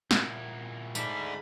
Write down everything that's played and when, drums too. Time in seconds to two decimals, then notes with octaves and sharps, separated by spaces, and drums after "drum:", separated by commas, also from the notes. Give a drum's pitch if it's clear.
0.11 A#2 E4 F#4, drum: snare
0.95 G#2 A3 D4 B5, drum: tambourine